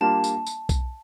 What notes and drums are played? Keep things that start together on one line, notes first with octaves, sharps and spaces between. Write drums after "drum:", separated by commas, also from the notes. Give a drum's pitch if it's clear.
G3 A#3 D4 F4 A5
drum: tambourine
drum: tambourine
drum: kick B1, tambourine